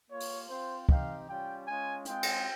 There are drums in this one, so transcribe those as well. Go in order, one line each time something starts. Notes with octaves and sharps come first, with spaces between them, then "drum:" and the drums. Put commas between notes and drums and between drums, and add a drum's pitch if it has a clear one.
A#3 F4 C#5
drum: open hi-hat
C4 F4 C5
C4 D#4 G4 F5, drum: kick
G3 C#4 F4 G5
G#3 C#4 F4 G#5
G#3 C4 F4 G5, drum: hi-hat
drum: cymbal